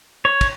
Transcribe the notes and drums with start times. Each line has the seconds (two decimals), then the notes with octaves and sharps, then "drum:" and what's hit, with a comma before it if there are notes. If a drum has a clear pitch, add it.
0.25 C#5
0.41 drum: kick, cymbal